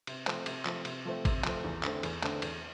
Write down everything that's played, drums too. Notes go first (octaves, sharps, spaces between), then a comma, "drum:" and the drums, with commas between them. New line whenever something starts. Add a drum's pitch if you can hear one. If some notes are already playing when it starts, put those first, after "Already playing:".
C3, drum: cymbal
F3 A3 C4, drum: clap
C3, drum: cymbal
F3 A3 C4, drum: clap
C3, drum: cymbal
F3 A3 C4
C3, drum: kick G#1, cymbal
F3 A3 C4, drum: clap
E2
D3 A3 C4, drum: clap
E2, drum: cymbal
D3 A3 C4, drum: clap
E2, drum: cymbal